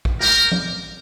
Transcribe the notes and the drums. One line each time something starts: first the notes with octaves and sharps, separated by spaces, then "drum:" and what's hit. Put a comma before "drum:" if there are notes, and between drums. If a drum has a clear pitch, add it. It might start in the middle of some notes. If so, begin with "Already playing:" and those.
drum: kick
G4 A#4, drum: snare
drum: tom F3